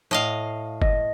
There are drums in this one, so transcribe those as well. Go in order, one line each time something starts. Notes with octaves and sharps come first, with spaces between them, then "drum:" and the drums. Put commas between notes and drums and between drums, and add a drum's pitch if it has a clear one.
A2 D#5 F5
D#5, drum: kick G1